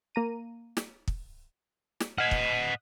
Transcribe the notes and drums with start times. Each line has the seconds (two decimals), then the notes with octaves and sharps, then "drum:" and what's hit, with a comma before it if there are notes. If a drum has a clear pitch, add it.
0.15 A#3 A#5 D#7
0.77 drum: snare
1.08 drum: kick
2.00 drum: snare
2.18 D#5 F#5 F6 G#6 B6
2.31 drum: kick